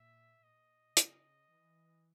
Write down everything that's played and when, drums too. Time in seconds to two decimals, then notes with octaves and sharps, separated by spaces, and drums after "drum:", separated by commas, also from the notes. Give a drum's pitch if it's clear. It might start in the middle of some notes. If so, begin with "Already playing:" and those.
Already playing: A#2 E5
0.43 A#2 D#5
0.97 C#3, drum: hi-hat
1.50 E3